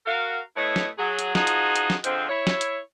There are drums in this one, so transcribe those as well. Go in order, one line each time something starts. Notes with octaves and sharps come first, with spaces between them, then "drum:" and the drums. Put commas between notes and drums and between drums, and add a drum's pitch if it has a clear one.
F#4 A#4 F5
A2 A3 B3 E4 C#5 D#5
drum: snare
F#3 G#4
drum: hi-hat
F3 D#4 F4 F#4 G#4, drum: snare
drum: hi-hat
drum: hi-hat
drum: snare
D3 F3 G#3 C4, drum: hi-hat
E4 C#5
drum: snare
drum: hi-hat